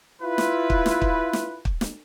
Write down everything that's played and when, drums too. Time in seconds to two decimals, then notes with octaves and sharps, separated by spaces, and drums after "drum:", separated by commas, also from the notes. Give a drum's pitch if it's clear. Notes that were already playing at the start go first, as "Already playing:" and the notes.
0.22 E4 F4 B4
0.38 drum: snare
0.70 drum: kick
0.86 drum: snare
1.02 drum: kick
1.33 drum: snare
1.65 drum: kick
1.81 drum: snare